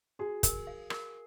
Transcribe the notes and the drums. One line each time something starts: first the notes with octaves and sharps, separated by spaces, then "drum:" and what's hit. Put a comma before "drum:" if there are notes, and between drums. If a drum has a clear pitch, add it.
F#4 G#4
A#4, drum: kick, hi-hat
F5
A#4, drum: rim click